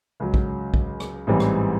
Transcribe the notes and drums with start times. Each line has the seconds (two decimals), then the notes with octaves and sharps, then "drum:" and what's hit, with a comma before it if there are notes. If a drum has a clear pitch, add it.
0.20 C#2 C#3 F#3
0.34 drum: kick
0.74 drum: kick
1.00 drum: rim click
1.27 A1 G#2 E3 G3 C4
1.40 drum: rim click